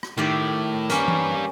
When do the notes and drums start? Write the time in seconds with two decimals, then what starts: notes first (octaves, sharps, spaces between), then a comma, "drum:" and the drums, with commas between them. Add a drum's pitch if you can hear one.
0.03 drum: rim click
0.18 A2 D#3 G4 D5
0.90 G3 A#3 C#4 B4, drum: hi-hat
1.08 drum: tom E3